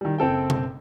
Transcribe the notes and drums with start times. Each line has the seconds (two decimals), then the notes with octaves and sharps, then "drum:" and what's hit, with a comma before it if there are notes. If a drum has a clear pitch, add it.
0.01 D#3 G3
0.18 F#1 C4 A4 G5
0.50 drum: tom B2